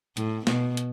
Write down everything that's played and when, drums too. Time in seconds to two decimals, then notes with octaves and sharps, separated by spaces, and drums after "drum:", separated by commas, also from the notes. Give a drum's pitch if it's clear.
0.17 A2, drum: hi-hat
0.47 B2, drum: snare
0.77 drum: hi-hat